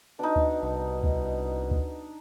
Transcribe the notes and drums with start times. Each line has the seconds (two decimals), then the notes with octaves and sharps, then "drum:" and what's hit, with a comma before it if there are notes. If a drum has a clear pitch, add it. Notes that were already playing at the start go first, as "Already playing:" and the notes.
0.19 B2 D4 D#4
0.36 drum: kick D2
0.63 C2
1.04 drum: kick D2
1.71 drum: kick D2